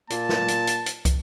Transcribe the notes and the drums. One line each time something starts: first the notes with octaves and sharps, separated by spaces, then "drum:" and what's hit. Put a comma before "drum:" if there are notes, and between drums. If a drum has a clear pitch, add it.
A#2 A#3 A5, drum: hi-hat
drum: snare
drum: hi-hat
drum: hi-hat
drum: hi-hat
drum: kick, hi-hat